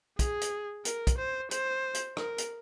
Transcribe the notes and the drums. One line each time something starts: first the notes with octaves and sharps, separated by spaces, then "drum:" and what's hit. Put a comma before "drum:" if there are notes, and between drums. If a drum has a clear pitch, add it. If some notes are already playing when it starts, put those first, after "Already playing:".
G#4, drum: kick, hi-hat
drum: hi-hat
A#4, drum: hi-hat
drum: kick, hi-hat
C5
C5, drum: hi-hat
drum: hi-hat
A#4, drum: rim click
drum: hi-hat